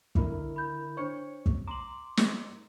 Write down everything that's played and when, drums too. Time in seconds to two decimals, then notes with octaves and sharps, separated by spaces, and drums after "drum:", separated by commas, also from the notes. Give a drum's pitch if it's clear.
0.15 D3 E4 A#4, drum: kick
0.56 B5 G6
0.97 D4 C5 C#5 C#6 C#7
1.46 drum: kick
1.67 A#5 C6 D6 F#7
2.17 drum: snare